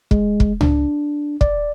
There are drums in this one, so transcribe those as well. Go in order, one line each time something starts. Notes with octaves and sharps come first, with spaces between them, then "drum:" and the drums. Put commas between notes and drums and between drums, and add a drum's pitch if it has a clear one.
G#3, drum: kick
drum: kick
D4, drum: tom C#2
D5, drum: kick